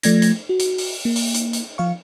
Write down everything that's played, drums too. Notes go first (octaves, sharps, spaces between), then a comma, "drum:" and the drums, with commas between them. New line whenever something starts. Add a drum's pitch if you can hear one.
F3 A3 D5 G#6 A#6, drum: hi-hat
drum: hi-hat
F#4
drum: hi-hat
drum: open hi-hat
A#3
drum: open hi-hat
drum: hi-hat
drum: hi-hat
F3 F5 C#6